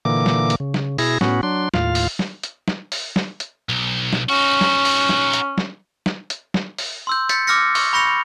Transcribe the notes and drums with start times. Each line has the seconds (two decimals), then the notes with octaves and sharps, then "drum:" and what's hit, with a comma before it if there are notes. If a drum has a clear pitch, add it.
0.05 A#2 D3 E3 A#3 D6
0.26 drum: snare
0.50 drum: hi-hat
0.60 C#3
0.74 drum: snare
0.98 B2 E4 G#4 A#6, drum: open hi-hat
1.21 A2 B3 C#4 F#4, drum: snare
1.43 F#3 D4 C6
1.74 D#2 A2 F4 F5, drum: snare
1.95 drum: open hi-hat
2.19 drum: snare
2.43 drum: hi-hat
2.68 drum: snare
2.92 drum: open hi-hat
3.16 drum: snare
3.40 drum: hi-hat
3.69 B1
4.13 drum: snare
4.30 C#4 D#4 F#4
4.61 drum: snare
4.85 drum: open hi-hat
5.09 drum: snare
5.33 drum: hi-hat
5.58 drum: snare
6.06 drum: snare
6.30 drum: hi-hat
6.54 drum: snare
6.78 drum: open hi-hat
7.07 C6 E6 G6
7.29 G6 A6 B6 C#7, drum: hi-hat
7.47 D6 E6 F6 G6 A#6 C#7
7.75 C#6, drum: open hi-hat
7.93 B5 C#6 G6 A#6 C#7 F7